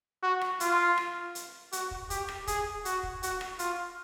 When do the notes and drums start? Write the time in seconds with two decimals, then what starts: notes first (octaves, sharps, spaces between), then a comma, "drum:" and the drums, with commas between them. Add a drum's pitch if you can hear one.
0.23 F#4
0.41 drum: rim click
0.60 F4, drum: hi-hat
0.98 drum: rim click
1.35 drum: hi-hat
1.72 F#4, drum: hi-hat
1.91 drum: kick
2.10 G4, drum: kick, hi-hat
2.29 drum: rim click
2.47 G#4, drum: kick, hi-hat
2.85 F#4, drum: hi-hat
3.03 drum: kick
3.23 F#4, drum: hi-hat
3.41 drum: rim click
3.59 F4, drum: hi-hat